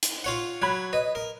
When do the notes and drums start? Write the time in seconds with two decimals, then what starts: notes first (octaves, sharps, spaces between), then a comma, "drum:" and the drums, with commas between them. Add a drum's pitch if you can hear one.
0.03 drum: hi-hat
0.24 F4 C#5 F#5
0.62 F#3 B5 F#6 G#6
0.93 B4 D#5
1.15 A#4